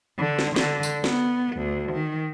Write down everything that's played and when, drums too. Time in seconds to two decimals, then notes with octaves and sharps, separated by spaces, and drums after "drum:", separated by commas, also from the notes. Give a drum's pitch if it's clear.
0.19 D3
0.39 drum: snare
0.56 D3, drum: snare
0.83 drum: tambourine
1.04 B3, drum: snare
1.57 D2
1.92 D#3